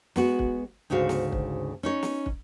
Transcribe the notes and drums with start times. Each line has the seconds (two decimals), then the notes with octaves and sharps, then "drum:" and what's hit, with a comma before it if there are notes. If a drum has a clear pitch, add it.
0.16 G#3 B3 F#4, drum: snare
0.39 drum: kick
0.90 D2 G#2 C#3 F#4 F5
1.09 drum: snare
1.32 drum: kick
1.83 C#4 D#4 C#5
2.03 drum: snare
2.26 drum: kick